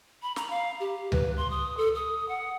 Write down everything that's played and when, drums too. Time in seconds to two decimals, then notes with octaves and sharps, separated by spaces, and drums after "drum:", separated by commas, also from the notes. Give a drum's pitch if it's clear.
0.22 B5
0.36 A#5, drum: snare
0.50 F5
0.80 G4
1.12 B4, drum: tom C#2
1.37 C6
1.51 D#6
1.78 A4
1.95 D#6
2.29 F#5